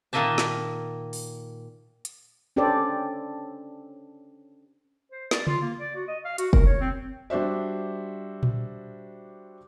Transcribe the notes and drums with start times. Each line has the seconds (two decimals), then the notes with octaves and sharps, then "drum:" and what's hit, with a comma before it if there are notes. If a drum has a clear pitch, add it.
0.13 A#2 D#3 A#3 D#5 E5 A5
0.38 drum: snare
1.13 drum: open hi-hat
2.05 drum: hi-hat
2.56 C#4 D4 G4 A4 C5 D5
5.12 C5
5.31 D5, drum: snare
5.47 F4, drum: tom C#3
5.62 A#3
5.79 D5
5.96 F#4
6.08 D#5
6.25 F5
6.38 F#4, drum: hi-hat
6.53 A#4, drum: kick
6.67 C#5
6.81 C4
7.30 G3 D4 F#4 C5 E5
8.43 drum: tom A#2